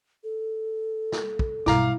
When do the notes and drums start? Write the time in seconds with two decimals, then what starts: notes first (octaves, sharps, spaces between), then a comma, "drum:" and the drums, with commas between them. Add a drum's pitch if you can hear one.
0.24 A4
1.12 drum: snare
1.39 drum: kick
1.66 B1 G2 E4 F5 A#5 D6, drum: snare